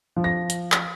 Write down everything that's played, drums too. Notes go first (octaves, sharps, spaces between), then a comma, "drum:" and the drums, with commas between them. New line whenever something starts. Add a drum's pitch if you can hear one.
F3
A#6
drum: hi-hat
drum: clap